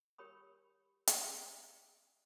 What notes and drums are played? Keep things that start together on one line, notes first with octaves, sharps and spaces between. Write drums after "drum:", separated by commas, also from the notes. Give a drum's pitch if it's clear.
G4 A#4 C#5 B5 D#6
drum: hi-hat